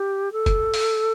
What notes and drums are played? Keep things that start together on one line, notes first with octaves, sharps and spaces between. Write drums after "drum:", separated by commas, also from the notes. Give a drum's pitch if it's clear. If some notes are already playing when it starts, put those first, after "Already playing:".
Already playing: G4
A4
drum: kick, hi-hat
drum: open hi-hat